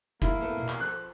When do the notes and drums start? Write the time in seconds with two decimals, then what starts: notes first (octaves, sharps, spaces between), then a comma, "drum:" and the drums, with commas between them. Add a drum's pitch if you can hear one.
0.22 A#3 E4, drum: kick
0.41 A2 B3 A4
0.57 E2 B2
0.68 drum: clap
0.80 F3 A4 F#6